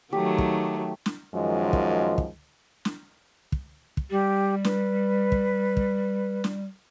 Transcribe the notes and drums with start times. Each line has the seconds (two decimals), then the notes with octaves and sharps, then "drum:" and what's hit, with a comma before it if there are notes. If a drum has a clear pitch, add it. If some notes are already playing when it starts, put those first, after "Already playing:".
0.13 D#3 F#3 A3 G4
0.38 drum: kick
1.06 drum: snare
1.34 F#2 D#3 F3 G#3
1.73 drum: kick
2.18 drum: kick
2.85 drum: snare
3.52 drum: kick
3.97 drum: kick
4.11 G3 G4
4.64 B4, drum: snare
5.32 drum: kick
5.77 drum: kick
6.44 drum: snare